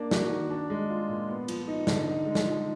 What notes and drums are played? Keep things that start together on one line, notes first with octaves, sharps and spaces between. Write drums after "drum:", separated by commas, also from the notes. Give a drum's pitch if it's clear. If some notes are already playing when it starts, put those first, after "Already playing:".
Already playing: A#3 D4
F#4, drum: snare
D#3
D4
G#3
F4
A#2
B3
F3, drum: cymbal
D#4
D3, drum: snare
D#4
G#3
drum: snare
F3